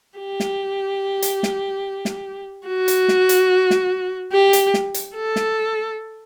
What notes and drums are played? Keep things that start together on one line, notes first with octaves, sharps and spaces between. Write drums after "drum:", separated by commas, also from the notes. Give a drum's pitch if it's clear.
G4
drum: snare
drum: hi-hat
drum: snare
drum: snare
F#4
drum: hi-hat
drum: snare
drum: hi-hat
drum: snare
G4
drum: hi-hat
drum: snare
drum: hi-hat
A4
drum: snare